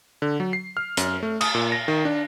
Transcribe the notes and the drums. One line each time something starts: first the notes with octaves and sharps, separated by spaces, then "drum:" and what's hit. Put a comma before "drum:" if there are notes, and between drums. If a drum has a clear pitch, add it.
D3
F#3
C7
F6
F#2, drum: hi-hat
A3
D#6, drum: cymbal
A#2
A#6
D#3
D4